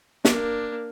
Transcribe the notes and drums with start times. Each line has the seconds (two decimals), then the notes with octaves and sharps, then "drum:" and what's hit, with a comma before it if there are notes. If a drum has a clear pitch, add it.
0.25 A#3 D4, drum: snare